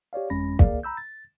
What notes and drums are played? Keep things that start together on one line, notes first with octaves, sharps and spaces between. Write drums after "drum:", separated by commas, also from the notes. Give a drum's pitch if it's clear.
G4 C#5 D5 F5
G1 F2 G#3 C#4 B5 A#6
A#3 G#4 A#4 D5 F5, drum: kick
A#5 B5 E6 G6
A6